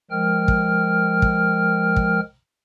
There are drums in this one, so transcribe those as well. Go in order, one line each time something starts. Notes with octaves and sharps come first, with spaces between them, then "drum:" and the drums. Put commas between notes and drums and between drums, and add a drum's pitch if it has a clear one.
F3 G#3 A#4 G5 F6
drum: kick
drum: kick
drum: kick